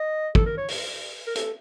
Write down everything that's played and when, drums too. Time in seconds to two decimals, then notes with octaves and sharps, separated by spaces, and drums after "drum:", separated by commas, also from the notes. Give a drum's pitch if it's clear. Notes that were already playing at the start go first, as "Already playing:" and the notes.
Already playing: D#5
0.35 A4, drum: kick
0.46 A#4
0.57 C#5
0.68 drum: open hi-hat
1.27 A#4
1.35 A4, drum: hi-hat